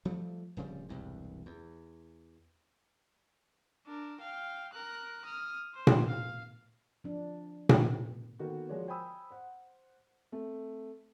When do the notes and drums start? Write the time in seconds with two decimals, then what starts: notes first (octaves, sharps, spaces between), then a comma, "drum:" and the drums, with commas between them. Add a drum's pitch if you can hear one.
0.05 F3 G3 A3
0.57 D1 C#3 F3 G3
0.89 E1 C2 G2
1.46 E2
3.86 D4 A#4
4.20 F5 G5
4.73 A#4 F#6
5.25 D#6 F6
5.74 C5
5.87 drum: tom A#2
6.07 F5
7.04 F3 D4
7.69 drum: tom A#2
8.39 D#3 A#3 B3 F#4 A4
8.69 F3 G#3 F#4 A#4 C#5 D5
8.88 C5 G5 G#5 B5 D#6 E6
9.31 C5 F#5
10.32 A3 C4